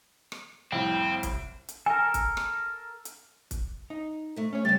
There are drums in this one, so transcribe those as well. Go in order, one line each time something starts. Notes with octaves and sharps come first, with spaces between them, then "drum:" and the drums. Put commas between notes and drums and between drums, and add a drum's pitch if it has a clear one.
drum: rim click
C2 F2 A2 C4
drum: kick, hi-hat
drum: hi-hat
A4 A#4 G#5
drum: kick, hi-hat
drum: rim click
drum: hi-hat
drum: kick, hi-hat
D#4
C3 A3
C#4 C#5
C#2 G3 G4 C5 A6